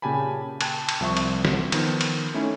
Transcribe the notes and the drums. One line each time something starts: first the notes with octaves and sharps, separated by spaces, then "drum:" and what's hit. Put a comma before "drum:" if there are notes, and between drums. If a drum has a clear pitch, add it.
A#2 C#3 G4 G#5 A5 B5
G5 A5 F#6 G#6, drum: cymbal
drum: cymbal
C2 F3 E5 C#6
drum: cymbal
drum: snare
D#3 F3 B3 D#4, drum: cymbal
drum: cymbal
A3 C#4 D#4 E4